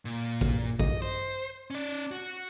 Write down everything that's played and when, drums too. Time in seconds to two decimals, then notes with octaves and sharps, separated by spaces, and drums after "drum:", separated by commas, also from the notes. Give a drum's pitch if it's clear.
0.05 A#2
0.41 drum: kick
0.80 D#5, drum: kick
1.02 C5
1.70 C#4 D5
2.11 F#4